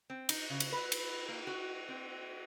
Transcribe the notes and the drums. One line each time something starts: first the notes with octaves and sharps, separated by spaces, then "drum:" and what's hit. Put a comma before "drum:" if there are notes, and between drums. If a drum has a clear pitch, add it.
C4
D#4, drum: cymbal
C#3
drum: cymbal
B4
drum: cymbal
A#3
F#4
C4